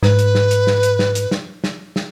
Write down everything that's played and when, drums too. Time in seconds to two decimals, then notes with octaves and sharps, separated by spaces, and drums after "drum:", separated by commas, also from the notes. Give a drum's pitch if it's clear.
0.03 G#2 B4, drum: snare
0.19 drum: hi-hat
0.35 drum: snare
0.51 drum: hi-hat
0.67 drum: snare
0.83 drum: hi-hat
0.99 drum: snare
1.15 drum: hi-hat
1.31 drum: snare
1.64 drum: snare
1.96 drum: snare